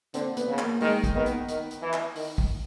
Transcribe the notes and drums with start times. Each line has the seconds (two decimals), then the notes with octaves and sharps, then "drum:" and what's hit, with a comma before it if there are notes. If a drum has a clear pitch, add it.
0.14 D3 C4, drum: hi-hat
0.37 B3, drum: hi-hat
0.48 C#3
0.58 A#3, drum: clap
0.81 D#3 G#3, drum: open hi-hat
1.04 drum: kick, hi-hat
1.15 D#3 B3
1.26 drum: hi-hat
1.49 D#3, drum: hi-hat
1.71 drum: hi-hat
1.82 E3
1.93 drum: clap
2.16 D#3, drum: open hi-hat
2.38 drum: kick